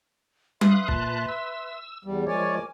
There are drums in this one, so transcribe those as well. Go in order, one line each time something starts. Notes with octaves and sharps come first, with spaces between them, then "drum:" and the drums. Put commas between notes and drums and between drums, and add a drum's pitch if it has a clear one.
B4 E5 F5 C6 D#6 F#6, drum: tom G3
A#2 A5 F#6, drum: kick
E6
E2 G3
F3 G#3 A#4 C#5 D5 G#5 D6